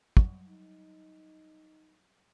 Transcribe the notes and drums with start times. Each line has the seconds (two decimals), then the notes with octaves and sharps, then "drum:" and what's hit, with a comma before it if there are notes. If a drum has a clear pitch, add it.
0.17 F#3 G3, drum: kick
0.49 D#4